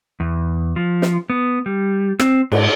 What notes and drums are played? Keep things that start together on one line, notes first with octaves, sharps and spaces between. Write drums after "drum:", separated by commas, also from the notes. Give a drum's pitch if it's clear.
E2
F3
drum: snare
B3
G3
C4, drum: rim click
G#2, drum: cymbal